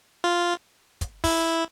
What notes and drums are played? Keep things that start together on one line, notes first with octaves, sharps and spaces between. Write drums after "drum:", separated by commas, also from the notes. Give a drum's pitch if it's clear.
F4
drum: kick, hi-hat
E4, drum: kick, open hi-hat